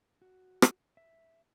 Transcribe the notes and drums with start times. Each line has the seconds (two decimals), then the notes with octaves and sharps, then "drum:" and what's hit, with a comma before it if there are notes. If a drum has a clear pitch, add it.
0.22 F#4
0.62 drum: rim click
0.97 E5